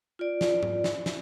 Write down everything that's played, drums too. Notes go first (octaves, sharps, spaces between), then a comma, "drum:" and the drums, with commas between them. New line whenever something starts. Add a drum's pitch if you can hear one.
F4 D5
drum: snare
drum: tom G#2
drum: snare
drum: snare